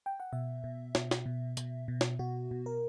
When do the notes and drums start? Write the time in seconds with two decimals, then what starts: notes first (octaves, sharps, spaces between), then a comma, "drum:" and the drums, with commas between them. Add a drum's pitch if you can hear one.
0.06 G5
0.20 F#5
0.32 B2 E5
0.64 B2
0.95 B2, drum: snare
1.11 drum: snare
1.26 B2
1.57 B2, drum: hi-hat
1.88 B2
2.01 drum: snare
2.19 B2 F#4
2.51 B2
2.66 A#4